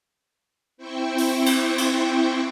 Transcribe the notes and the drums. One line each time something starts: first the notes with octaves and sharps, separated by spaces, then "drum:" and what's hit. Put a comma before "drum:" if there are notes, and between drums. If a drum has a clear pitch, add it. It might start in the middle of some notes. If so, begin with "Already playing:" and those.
C4 E4 C5 G5 C#6
drum: open hi-hat
drum: cymbal
drum: cymbal